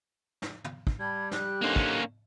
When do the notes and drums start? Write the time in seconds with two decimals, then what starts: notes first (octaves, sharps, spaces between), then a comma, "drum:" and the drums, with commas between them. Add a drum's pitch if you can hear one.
0.42 drum: snare
0.64 drum: tom
0.87 drum: kick
0.99 G3 A5 B5 G#6
1.31 G4 F#6, drum: snare
1.62 D3 A#3 C4 C#4 D#4
1.76 drum: kick